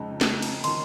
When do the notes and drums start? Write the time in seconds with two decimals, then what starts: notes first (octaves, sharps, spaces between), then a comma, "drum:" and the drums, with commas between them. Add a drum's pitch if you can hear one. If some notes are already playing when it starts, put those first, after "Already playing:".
Already playing: F2 C#3 G#3 D#4
0.21 drum: snare
0.42 drum: cymbal
0.64 D#3 A#3 C#4 C6, drum: cymbal